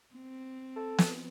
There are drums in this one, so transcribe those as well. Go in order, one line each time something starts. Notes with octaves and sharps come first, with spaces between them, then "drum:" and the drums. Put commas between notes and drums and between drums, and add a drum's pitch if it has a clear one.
C4
A4
drum: snare